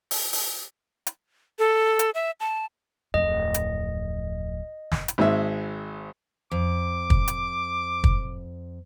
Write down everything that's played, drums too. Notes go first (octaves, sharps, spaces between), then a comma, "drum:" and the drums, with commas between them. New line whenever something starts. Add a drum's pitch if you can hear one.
drum: open hi-hat
drum: open hi-hat
drum: hi-hat
A4
drum: hi-hat
E5
A5
D1 F2 D#5
drum: hi-hat
drum: snare
drum: hi-hat
G#1 G#3 E5
F2 D6
drum: kick
drum: hi-hat
drum: kick